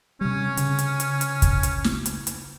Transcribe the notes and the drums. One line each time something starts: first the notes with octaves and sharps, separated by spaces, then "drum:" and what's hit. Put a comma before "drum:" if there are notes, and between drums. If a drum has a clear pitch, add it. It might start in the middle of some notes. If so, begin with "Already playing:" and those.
C3 G3 C#4
C#3, drum: hi-hat
drum: hi-hat
drum: hi-hat
drum: hi-hat
drum: kick, hi-hat
drum: hi-hat
drum: snare
drum: hi-hat
drum: hi-hat